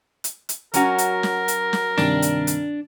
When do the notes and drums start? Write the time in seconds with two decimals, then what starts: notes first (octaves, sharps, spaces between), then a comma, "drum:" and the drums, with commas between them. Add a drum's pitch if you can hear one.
0.24 drum: hi-hat
0.49 drum: hi-hat
0.74 F#3 C#4 F#4 A#4, drum: hi-hat
0.98 drum: hi-hat
1.23 drum: snare
1.48 drum: hi-hat
1.73 drum: snare
1.98 G2 C3 D#3 D4, drum: snare
2.22 drum: hi-hat
2.47 drum: hi-hat